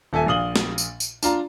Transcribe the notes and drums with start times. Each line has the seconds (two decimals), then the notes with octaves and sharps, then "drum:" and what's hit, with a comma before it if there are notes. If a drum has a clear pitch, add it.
0.13 D#1 A4 E5 G#5
0.26 A#1 A#2 F5 D#6 F#7 G7
0.56 drum: snare
0.78 drum: tambourine
1.00 drum: tambourine
1.23 D4 F4 A#5, drum: tambourine